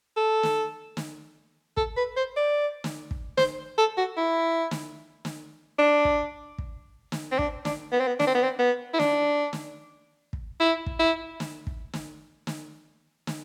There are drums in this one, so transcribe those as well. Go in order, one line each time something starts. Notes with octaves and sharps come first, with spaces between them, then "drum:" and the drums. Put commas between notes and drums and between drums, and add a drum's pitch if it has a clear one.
A4
drum: snare
drum: snare
A4, drum: kick
B4
C5
D5
drum: snare
drum: kick
C5, drum: snare
A4
F#4
E4
drum: snare
drum: snare
D4
drum: kick
drum: kick
drum: snare
C4
D4, drum: kick
D4, drum: snare
B3
C4
B3
D4, drum: snare
C4
B3
C4
B3
E4
D4, drum: snare
drum: snare
drum: kick
E4
drum: kick
E4
drum: snare
drum: kick
drum: snare
drum: snare
drum: snare